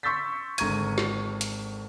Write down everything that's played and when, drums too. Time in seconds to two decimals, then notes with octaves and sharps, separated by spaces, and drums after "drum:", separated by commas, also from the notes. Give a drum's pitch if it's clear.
0.03 C6 C#6 E6 G6 A6 B6
0.58 G#1 D3 A#5 C#6 G#6 D#7, drum: hi-hat
0.98 drum: snare
1.41 drum: hi-hat